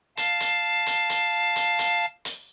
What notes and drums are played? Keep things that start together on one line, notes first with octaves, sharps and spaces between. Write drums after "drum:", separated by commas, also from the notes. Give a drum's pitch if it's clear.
F5 A5, drum: hi-hat
drum: hi-hat
drum: hi-hat
drum: hi-hat
drum: hi-hat
drum: hi-hat
drum: hi-hat